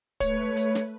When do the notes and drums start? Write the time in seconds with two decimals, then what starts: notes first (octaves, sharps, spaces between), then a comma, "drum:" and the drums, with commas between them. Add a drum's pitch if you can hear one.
0.20 A3 B4 C#5, drum: kick, hi-hat
0.57 drum: hi-hat
0.75 drum: snare